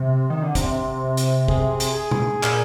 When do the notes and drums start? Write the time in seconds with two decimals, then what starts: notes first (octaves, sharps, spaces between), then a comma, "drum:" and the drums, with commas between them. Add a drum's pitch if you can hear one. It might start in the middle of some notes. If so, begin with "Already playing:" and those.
Already playing: C3
0.30 D#3
0.42 D3
0.55 C3, drum: kick, hi-hat
1.17 drum: hi-hat
1.48 G#4, drum: kick
1.80 drum: hi-hat
1.95 G#4
2.11 drum: tom B2
2.43 A#2, drum: clap